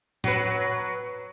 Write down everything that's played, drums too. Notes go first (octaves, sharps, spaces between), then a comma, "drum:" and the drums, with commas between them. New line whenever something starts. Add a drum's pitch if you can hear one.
F#3 B4, drum: tom A2